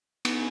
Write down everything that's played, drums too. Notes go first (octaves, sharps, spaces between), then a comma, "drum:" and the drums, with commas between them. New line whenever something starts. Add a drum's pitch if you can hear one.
B3, drum: cymbal